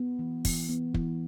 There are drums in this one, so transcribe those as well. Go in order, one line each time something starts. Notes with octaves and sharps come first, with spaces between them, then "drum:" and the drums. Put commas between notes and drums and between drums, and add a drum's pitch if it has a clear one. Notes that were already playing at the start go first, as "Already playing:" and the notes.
Already playing: B3
E3
E3, drum: kick, open hi-hat
B3
E3, drum: kick